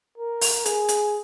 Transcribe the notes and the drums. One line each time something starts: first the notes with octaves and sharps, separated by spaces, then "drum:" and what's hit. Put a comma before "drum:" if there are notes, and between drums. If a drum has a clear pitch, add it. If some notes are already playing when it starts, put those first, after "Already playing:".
A#4
drum: open hi-hat
G#4, drum: hi-hat
drum: hi-hat